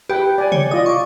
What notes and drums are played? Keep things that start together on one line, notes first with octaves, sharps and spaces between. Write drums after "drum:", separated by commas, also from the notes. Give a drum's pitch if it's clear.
G4 B4 G5
D5 G#5
C#5, drum: tom C3
F4 D5 D#5 D#6
C#6 D6